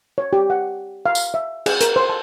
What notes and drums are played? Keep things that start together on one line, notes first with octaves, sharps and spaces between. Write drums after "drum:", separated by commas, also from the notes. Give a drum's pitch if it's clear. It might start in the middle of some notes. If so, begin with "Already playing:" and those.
C#5
G4
F#5
F5
drum: tambourine
E5
G#4, drum: cymbal
A#4, drum: hi-hat
C5
A5